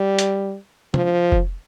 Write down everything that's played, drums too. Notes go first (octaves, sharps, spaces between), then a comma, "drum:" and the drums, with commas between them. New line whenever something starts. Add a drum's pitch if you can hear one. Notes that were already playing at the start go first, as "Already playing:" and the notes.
Already playing: G3
drum: hi-hat
F3, drum: tom
drum: kick F1